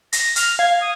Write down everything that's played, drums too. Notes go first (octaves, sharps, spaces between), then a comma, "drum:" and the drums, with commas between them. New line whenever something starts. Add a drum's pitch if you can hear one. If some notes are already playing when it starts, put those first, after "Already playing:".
A#6, drum: hi-hat
F6, drum: hi-hat
F5 G#6
D#6